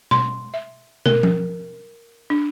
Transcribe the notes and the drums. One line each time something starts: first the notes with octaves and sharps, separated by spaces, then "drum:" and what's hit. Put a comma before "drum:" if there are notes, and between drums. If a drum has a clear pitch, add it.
C6, drum: tom B2
E5
A#4, drum: tom
drum: tom F3
D4